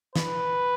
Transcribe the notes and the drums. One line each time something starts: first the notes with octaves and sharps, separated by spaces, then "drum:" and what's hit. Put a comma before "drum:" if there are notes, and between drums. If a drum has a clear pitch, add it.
B4, drum: snare